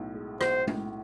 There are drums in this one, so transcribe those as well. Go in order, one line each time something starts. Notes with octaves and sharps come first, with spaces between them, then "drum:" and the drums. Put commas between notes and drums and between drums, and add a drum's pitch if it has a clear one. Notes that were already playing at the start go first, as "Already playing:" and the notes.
Already playing: B1 A2
G#3
B1 C5, drum: rim click
A2, drum: tom G#3